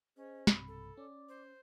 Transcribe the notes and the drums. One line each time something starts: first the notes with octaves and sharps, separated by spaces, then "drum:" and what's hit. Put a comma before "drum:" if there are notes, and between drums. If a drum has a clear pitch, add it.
C#4 G#4 C5 D#5
B1 G2 C3 B5, drum: snare
A4
C#4 D5 D6
C5